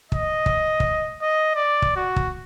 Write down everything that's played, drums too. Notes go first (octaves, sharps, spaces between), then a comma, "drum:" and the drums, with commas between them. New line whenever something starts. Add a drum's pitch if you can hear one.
D#5, drum: kick
drum: kick
drum: kick
D#5
D5
drum: kick
F#4
drum: kick